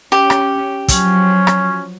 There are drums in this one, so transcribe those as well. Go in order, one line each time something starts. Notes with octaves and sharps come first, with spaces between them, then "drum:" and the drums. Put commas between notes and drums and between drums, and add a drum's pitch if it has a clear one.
C#4 G4
drum: rim click
F3 F#3 C#4, drum: kick, hi-hat
drum: rim click